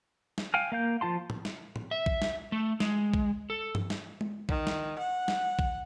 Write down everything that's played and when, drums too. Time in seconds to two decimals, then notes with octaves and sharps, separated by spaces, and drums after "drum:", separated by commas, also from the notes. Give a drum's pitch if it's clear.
0.38 drum: snare
0.54 F5 G5 G#5 F6
0.72 A#3 F5 G6
1.01 F3 F4 A5 C6
1.30 drum: tom A2
1.45 drum: snare
1.76 drum: tom A2
1.91 E5
2.06 drum: kick A#1
2.22 drum: snare
2.52 A3
2.80 G#3, drum: snare
3.14 drum: kick A#1
3.50 A4
3.75 drum: tom G2
3.90 drum: snare
4.21 drum: tom G#3
4.49 D#3, drum: kick A#1
4.67 drum: snare
4.99 F#5
5.28 drum: snare
5.59 drum: kick A#1